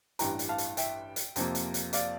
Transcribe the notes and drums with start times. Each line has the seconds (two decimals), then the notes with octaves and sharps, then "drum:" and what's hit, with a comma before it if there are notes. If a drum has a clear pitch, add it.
0.19 A1 G2 E3 G5 A#5, drum: hi-hat
0.39 drum: hi-hat
0.49 F5 A5
0.58 drum: hi-hat
0.77 E5 G5, drum: hi-hat
1.16 drum: hi-hat
1.36 F2 C3 F3 A#3, drum: hi-hat
1.55 drum: hi-hat
1.74 drum: hi-hat
1.93 D5 F5, drum: hi-hat